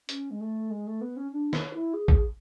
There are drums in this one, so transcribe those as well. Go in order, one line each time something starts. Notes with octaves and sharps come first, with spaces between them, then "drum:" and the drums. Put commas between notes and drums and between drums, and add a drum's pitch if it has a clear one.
C#4, drum: hi-hat
G#3
A3
G#3
A3
B3
C#4
D4
C#5, drum: snare
E4
G#4
drum: kick